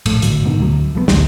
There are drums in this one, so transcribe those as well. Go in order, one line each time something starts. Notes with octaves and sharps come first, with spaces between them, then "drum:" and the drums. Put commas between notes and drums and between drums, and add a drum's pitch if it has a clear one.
A#1 A2 A3, drum: cymbal
G#1 A2 D3 F#3, drum: hi-hat
G#2 B2 D3 D#3
D2 F#3
F3 G3 B3
A1 D2, drum: snare